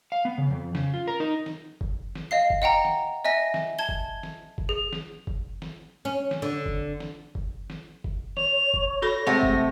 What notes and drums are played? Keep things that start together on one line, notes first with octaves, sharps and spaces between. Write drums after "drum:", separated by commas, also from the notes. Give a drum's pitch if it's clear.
F5
B3
C#3
F2
C#3, drum: snare
F4
A#4
D#4
drum: snare
drum: kick F#1
drum: snare
D#5 F5 C7
drum: kick F#1
D#5 F#5 G5 A#5
drum: snare
D#5 E5 G#5 A#6
drum: snare
A5 G#6 G7
drum: kick F#1
drum: snare
drum: kick F#1
G#4
drum: snare
drum: kick F#1
drum: snare
C#4
drum: snare
D3
drum: kick F#1
drum: snare
drum: kick F#1
drum: snare
drum: kick F#1
C#5 F7, drum: snare
drum: kick F#1
F#4 A4 B5 A#6
C3 G#3 A3 F#5
drum: kick F#1